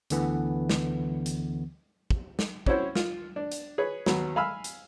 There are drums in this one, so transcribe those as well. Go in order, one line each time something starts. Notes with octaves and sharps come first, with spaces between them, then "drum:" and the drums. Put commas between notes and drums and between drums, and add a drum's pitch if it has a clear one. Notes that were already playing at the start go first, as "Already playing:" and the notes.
D2 D3 E3 B3, drum: hi-hat
drum: snare
drum: hi-hat
drum: kick
drum: snare
C4 C#4 E4 F#4 C5 C#5, drum: kick
F4, drum: snare
D4
drum: hi-hat
G#4 B4 C#5
D#2 F#3 B3, drum: snare
F5 G#5 B5 E6 F6
drum: hi-hat